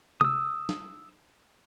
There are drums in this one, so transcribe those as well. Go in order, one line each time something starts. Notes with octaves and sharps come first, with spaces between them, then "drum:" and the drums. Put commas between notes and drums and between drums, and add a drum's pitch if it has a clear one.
D#6 E6, drum: tom C3
drum: snare